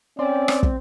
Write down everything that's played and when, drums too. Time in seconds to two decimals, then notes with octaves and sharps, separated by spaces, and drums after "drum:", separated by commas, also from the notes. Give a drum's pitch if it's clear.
0.19 C4 C#4 D5
0.48 drum: rim click
0.63 drum: kick